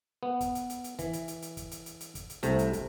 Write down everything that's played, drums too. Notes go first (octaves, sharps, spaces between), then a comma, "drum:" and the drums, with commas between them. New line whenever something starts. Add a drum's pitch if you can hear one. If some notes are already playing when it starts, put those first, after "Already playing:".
B3
drum: kick, hi-hat
drum: hi-hat
drum: hi-hat
drum: hi-hat
E3, drum: kick, hi-hat
drum: hi-hat
drum: hi-hat
drum: hi-hat
drum: kick, hi-hat
drum: hi-hat
drum: hi-hat
drum: hi-hat
drum: kick, hi-hat
drum: hi-hat
C2 C3 A3, drum: hi-hat
drum: hi-hat
drum: kick, hi-hat